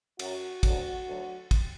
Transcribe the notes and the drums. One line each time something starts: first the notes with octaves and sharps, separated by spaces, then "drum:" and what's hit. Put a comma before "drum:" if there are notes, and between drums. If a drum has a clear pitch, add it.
F#2 F#3 F#4, drum: cymbal
D2 D3 F#3, drum: kick, cymbal
D2 D3 F#3
drum: kick, cymbal